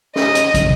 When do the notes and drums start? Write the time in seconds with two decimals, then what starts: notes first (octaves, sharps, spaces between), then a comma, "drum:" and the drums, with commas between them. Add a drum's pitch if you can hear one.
0.16 D#5, drum: snare
0.35 drum: hi-hat
0.54 drum: kick, hi-hat